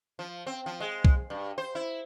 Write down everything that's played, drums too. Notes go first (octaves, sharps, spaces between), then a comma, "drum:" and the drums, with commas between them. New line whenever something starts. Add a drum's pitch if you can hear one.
F3
C4
F3
G#3
drum: kick C2
G2
C5
E4